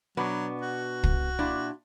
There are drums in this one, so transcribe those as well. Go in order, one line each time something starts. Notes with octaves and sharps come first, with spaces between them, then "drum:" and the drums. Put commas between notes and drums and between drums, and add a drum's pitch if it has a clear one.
B2 F#3 B3 D4
F#4
drum: kick
A#2 D4 E4